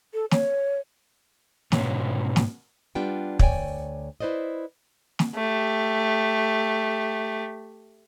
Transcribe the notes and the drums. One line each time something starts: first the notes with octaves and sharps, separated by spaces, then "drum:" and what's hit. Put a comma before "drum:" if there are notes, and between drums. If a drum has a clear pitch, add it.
A4
C#5, drum: snare
G#2 B2 C#4 F#4 C#5, drum: snare
drum: snare
G3 B3 D4 F4 G5
D2 C#5 D5 G5 G#5, drum: kick
E4 B4 C5 D5 D#5
drum: snare
A3 G4